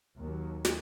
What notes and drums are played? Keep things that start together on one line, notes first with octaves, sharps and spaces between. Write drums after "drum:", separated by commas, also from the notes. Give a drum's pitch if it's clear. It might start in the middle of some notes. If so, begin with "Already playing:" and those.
D#2 F#3
drum: snare